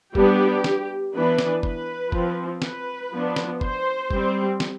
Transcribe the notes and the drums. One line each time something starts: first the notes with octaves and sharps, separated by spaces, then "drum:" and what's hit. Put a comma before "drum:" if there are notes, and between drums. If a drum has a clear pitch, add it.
G3 B3 D4 G4, drum: kick F#1
drum: snare
E3 B3 D4 B4
drum: snare
B4, drum: kick F#1
F3 C4, drum: kick F#1
B4, drum: snare
F3 B3 D4
drum: snare
C5, drum: kick F#1
G3 C4, drum: kick F#1
drum: snare